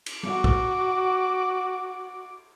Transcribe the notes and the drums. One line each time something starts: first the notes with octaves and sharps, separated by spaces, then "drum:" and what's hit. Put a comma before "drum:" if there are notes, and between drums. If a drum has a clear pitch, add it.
drum: cymbal
F#4 D6, drum: tom
drum: kick